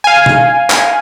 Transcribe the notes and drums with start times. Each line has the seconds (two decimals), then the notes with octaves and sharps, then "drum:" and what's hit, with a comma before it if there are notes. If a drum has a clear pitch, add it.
0.04 F5 G#5
0.26 drum: tom B2
0.70 drum: clap